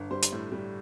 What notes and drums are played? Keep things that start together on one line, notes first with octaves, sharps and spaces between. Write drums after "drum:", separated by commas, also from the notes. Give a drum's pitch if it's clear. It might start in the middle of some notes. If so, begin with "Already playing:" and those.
Already playing: G1
G3 C5
drum: hi-hat
A2
G3